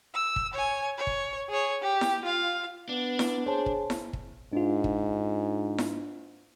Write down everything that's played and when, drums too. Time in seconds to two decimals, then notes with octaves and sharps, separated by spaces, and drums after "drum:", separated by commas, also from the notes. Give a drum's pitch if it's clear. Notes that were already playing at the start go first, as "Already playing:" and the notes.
0.14 E6
0.36 drum: kick
0.54 C#5 G#5
0.98 C#5
1.07 drum: kick
1.49 G#4 C#5
1.81 G4
2.01 drum: snare E4
2.25 F4 F5
2.89 B3 D4
3.19 drum: snare E4
3.46 G#4 C5 C#5 A5
3.66 drum: kick
3.90 drum: snare E4
4.13 drum: kick
4.53 G#2 D4 F4
4.84 drum: kick
5.78 drum: snare E4